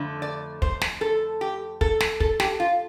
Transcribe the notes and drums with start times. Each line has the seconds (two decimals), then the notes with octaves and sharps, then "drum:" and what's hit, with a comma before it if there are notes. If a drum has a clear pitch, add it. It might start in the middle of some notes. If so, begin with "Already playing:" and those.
Already playing: F2 D3 A3
0.22 D5
0.62 C5, drum: kick
0.81 drum: snare
1.01 A4
1.41 G4
1.81 A4, drum: kick
2.00 drum: snare
2.20 A4, drum: kick
2.40 G4, drum: snare
2.60 F4